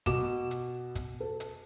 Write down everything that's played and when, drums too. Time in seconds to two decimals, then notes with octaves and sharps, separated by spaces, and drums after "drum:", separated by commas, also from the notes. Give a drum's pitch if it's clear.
0.06 B2 D6 E7, drum: kick, hi-hat
0.51 drum: hi-hat
0.95 drum: kick, hi-hat
1.20 A4
1.40 drum: hi-hat